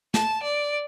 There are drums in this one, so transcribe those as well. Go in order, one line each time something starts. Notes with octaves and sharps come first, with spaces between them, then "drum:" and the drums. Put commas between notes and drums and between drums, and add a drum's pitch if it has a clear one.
A5, drum: snare
D5